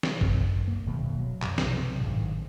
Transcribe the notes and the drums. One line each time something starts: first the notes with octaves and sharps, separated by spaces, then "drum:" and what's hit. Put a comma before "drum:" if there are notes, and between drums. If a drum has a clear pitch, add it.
drum: snare
F#2, drum: kick G1
A#3
D#1 D2 B2
F#3
B1 F#2 C3, drum: clap
drum: snare
G#1 A2 D#3